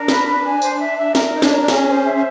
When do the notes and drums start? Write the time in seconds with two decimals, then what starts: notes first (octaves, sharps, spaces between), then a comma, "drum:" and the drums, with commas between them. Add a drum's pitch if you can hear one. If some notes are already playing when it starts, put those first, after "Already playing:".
Already playing: D4 A#4
0.08 B4, drum: snare
0.26 B4
0.44 G#5
0.62 C5, drum: tambourine
0.80 E5
0.98 E5
1.15 A#4, drum: snare
1.34 D#4 C#5
1.42 D4, drum: snare
1.51 A#4
1.60 D4
1.68 C#4 G#4, drum: snare
1.87 C5
2.05 E5
2.14 C#4